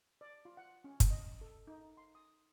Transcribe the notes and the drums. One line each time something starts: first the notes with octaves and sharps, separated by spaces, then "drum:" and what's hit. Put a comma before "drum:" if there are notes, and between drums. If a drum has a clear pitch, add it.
D5
F4
F#5
C#4
drum: kick F#1, hi-hat
D#5
A4
D#4
C6
D#6